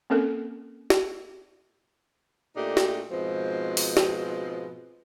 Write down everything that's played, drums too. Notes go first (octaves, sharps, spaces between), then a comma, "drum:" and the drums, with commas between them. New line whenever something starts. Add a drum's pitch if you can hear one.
A#3 C4 C#4 A4 A#4
drum: snare
A#2 A3 D4 D#4 G4
drum: snare
G#2 B2 F3 G#3 C4
drum: open hi-hat
drum: snare